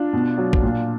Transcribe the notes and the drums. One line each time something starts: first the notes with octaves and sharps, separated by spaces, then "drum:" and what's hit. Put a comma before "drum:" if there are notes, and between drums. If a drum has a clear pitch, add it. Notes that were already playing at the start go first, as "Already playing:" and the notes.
Already playing: D4 F4
B2
F#3
drum: kick A#1
A#2